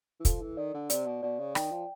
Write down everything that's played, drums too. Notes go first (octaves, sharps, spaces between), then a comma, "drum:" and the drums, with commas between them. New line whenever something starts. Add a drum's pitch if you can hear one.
E3
F3 A4, drum: kick, hi-hat
E3
D#3 D5
D3
C3 D5, drum: hi-hat
B2
B2 D5
C#3
D#3 G5, drum: rim click
F3